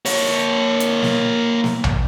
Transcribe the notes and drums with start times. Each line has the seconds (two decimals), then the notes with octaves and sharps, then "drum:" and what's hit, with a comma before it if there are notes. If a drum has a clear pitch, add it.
0.05 A#3 C#5, drum: open hi-hat
0.80 drum: hi-hat
1.02 drum: snare
1.64 drum: snare
1.84 drum: tom A#1